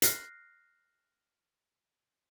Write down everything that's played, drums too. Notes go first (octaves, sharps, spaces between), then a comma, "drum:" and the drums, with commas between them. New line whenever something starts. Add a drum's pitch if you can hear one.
F6 F#6 A#6 C7, drum: hi-hat